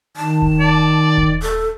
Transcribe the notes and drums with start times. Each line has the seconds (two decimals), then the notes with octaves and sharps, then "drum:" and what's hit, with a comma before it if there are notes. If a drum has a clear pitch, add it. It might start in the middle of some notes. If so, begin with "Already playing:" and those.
0.17 D#3 A5
0.42 drum: kick D#1
0.60 D5
1.17 drum: kick D#1
1.42 A4